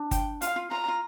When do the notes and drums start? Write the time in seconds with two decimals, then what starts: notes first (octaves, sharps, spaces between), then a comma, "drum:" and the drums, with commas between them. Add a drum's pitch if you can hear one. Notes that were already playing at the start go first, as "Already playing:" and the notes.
Already playing: D4
0.11 G5, drum: kick G1, hi-hat
0.41 F4 F5, drum: hi-hat
0.56 F4
0.71 F4 A#5
0.88 F4